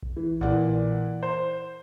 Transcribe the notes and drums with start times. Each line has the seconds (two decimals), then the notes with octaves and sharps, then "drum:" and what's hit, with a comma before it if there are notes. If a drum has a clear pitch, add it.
0.03 drum: kick A#1
0.16 E3
0.41 A#2 E3 D5 F#5, drum: kick A#1
1.23 C5